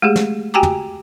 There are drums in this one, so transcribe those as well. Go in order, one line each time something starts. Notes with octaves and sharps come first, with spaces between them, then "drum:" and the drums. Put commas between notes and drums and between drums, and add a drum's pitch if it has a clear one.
G#3 A3 G4 G#4
drum: snare
F#4 G4 G5 G#5 A#5 D6
drum: tom